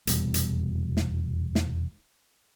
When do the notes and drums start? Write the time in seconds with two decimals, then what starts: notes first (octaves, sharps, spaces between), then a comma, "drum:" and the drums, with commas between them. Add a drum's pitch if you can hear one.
0.07 F1 E2 B2 G3, drum: hi-hat
0.34 drum: hi-hat
0.97 drum: snare
1.55 drum: snare